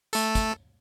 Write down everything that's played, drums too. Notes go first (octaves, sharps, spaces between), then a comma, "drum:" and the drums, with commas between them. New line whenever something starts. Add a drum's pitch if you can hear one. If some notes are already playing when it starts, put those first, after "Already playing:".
A3 A4, drum: tambourine
drum: kick, tambourine